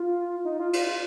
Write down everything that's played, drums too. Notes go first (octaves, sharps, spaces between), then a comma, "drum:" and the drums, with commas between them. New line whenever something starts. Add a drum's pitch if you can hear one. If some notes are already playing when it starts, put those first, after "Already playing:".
Already playing: F4
D#4
F4
F4, drum: cymbal
F4